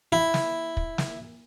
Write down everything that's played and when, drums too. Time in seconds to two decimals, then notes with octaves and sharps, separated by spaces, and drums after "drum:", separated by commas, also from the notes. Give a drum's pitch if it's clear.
0.12 E4
0.34 drum: snare
0.77 drum: kick
0.98 drum: snare